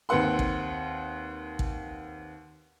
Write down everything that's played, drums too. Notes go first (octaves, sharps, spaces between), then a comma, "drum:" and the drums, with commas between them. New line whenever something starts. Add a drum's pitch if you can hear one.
D#2 C4 B4 F#5 C6
drum: kick
drum: kick